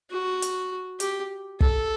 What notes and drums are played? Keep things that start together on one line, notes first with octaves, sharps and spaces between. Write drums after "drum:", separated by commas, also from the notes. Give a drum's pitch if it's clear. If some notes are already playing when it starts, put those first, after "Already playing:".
F#4
drum: hi-hat
G4, drum: hi-hat
A4, drum: kick